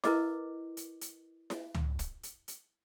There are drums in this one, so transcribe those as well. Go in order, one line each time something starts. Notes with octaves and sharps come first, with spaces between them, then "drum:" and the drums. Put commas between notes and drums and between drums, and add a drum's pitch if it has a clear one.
E4 A#4 B4 D#5 D6, drum: snare E4
drum: hi-hat
drum: hi-hat
drum: snare E4
drum: tom C#2
drum: kick, hi-hat
drum: hi-hat
drum: hi-hat